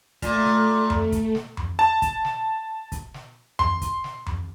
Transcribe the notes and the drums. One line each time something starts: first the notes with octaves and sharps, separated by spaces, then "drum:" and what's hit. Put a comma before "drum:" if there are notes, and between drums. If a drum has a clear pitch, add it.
A#2 A3, drum: kick, hi-hat
drum: snare
drum: tom F2
drum: kick, hi-hat
drum: snare
drum: tom F2
A5
drum: kick, hi-hat
drum: snare
drum: kick, hi-hat
drum: snare
C6, drum: tom F2
drum: kick, hi-hat
drum: snare
drum: tom F2